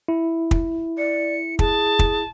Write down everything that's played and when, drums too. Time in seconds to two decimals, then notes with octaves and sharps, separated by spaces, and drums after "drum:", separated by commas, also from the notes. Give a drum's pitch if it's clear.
0.08 E4
0.51 drum: kick
0.98 D5 C#7
1.59 G#4 A5, drum: kick
1.99 drum: kick